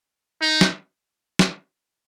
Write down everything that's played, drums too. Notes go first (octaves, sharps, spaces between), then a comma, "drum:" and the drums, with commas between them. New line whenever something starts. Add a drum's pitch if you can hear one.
D#4
drum: snare
drum: snare